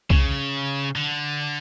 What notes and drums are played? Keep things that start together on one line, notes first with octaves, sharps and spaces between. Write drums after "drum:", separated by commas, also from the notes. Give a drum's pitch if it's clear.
C#3, drum: kick
D3